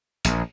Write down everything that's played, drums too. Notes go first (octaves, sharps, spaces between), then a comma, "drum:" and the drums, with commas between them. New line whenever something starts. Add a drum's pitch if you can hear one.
A#1, drum: hi-hat